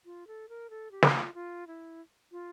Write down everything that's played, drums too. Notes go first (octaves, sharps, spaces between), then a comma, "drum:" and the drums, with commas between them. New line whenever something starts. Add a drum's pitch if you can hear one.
F4
A4
A#4
A4
G4
drum: snare
F4
F4
E4
F4